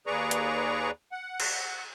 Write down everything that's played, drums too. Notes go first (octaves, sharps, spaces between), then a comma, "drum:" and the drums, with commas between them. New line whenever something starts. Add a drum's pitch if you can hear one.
D#2 G#4 B4 D5 A#5 C#6
drum: hi-hat
F#5
drum: cymbal